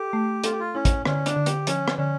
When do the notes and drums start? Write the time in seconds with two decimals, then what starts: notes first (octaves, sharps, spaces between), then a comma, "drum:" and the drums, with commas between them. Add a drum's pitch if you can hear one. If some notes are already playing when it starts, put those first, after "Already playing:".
Already playing: G4 A4
0.13 A3
0.44 F4 A4, drum: hi-hat
0.52 G4
0.60 F4
0.75 C#4 E4
0.85 drum: kick, hi-hat
1.05 D3 C#4, drum: rim click
1.26 D4, drum: hi-hat
1.36 D3
1.46 G4, drum: hi-hat
1.67 F3 C#4, drum: hi-hat
1.88 drum: rim click
1.98 D3 C#4